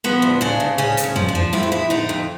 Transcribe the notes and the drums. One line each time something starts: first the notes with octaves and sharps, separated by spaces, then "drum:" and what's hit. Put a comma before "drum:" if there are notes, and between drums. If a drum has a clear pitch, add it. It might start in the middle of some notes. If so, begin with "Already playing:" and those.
F3 B3
D2
C#3 D4
D2
C#3 C#4
D2, drum: hi-hat
C#4
F3, drum: tom
D4
F3
F2 E4, drum: snare
F4
F2 E4
D3 D#4
F2